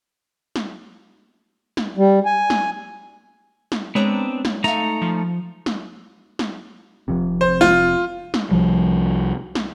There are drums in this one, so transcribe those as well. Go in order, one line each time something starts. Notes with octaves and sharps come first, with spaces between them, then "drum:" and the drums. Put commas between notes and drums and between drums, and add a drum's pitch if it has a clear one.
drum: snare
drum: snare
G3
G#5
drum: snare
drum: snare
G#3 B3 C4 D4 C#5 A#5
drum: snare
A3 D#4 E5 F5 A#5
F3
drum: snare
drum: snare
F1 F2 C3
C5
F4, drum: snare
drum: snare
C2 F3 G3
drum: snare